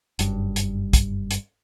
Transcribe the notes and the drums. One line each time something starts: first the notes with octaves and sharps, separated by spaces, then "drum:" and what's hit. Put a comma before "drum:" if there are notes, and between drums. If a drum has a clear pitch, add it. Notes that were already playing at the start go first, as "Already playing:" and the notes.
F#1 G2, drum: hi-hat
drum: hi-hat
drum: kick, hi-hat
drum: hi-hat